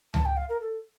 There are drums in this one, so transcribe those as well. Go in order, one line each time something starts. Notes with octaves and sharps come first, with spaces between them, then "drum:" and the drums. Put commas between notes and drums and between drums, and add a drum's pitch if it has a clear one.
A5, drum: tom C#2
G5
F5
A#4
A4